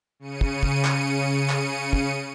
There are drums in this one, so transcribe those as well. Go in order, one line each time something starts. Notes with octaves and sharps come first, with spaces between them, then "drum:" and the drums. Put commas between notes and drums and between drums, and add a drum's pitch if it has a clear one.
C#3 C#7 D#7
drum: kick
drum: kick
drum: clap
drum: clap
drum: kick